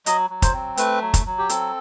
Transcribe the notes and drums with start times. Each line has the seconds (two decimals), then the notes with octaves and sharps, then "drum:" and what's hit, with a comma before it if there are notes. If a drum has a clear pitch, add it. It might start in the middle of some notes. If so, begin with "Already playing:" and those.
0.06 F#3 D#5, drum: hi-hat
0.30 F#3
0.42 C5, drum: kick, hi-hat
0.54 C4
0.77 A3 B4, drum: hi-hat
1.02 F#3
1.14 drum: kick, hi-hat
1.26 F#3
1.38 G4
1.49 C4 A4, drum: hi-hat